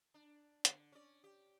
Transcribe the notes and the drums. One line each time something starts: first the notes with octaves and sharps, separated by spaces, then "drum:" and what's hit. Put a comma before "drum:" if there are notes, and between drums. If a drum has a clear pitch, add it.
D4
D3, drum: hi-hat
C#4 D5
G4